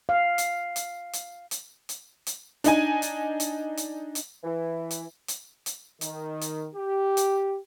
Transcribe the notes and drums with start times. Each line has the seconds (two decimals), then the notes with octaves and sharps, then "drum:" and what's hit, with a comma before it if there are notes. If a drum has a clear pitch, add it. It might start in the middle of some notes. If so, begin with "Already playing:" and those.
0.09 F5
0.38 drum: hi-hat
0.76 drum: hi-hat
1.13 drum: hi-hat
1.51 drum: hi-hat
1.89 drum: hi-hat
2.27 drum: hi-hat
2.64 D4 D#4 G#5, drum: hi-hat
3.02 drum: hi-hat
3.40 drum: hi-hat
3.77 drum: hi-hat
4.15 drum: hi-hat
4.44 E3
4.91 drum: hi-hat
5.28 drum: hi-hat
5.66 drum: hi-hat
6.01 D#3, drum: hi-hat
6.41 drum: hi-hat
6.75 G4
7.17 drum: hi-hat